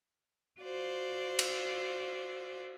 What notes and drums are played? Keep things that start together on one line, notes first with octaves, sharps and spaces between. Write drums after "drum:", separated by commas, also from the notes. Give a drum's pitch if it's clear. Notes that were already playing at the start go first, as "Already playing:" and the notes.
F4 F#4 C5 D5
drum: cymbal